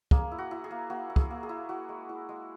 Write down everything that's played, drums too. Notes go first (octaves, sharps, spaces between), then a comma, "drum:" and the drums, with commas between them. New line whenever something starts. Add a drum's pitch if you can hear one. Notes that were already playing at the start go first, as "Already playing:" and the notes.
A#3 G#4, drum: kick
E4
F#4
E4
G#4
A#3
A#3 F#4
E4
G#4, drum: kick
A#3
G#4
E4
E4 F#4
G#3
E4
G#3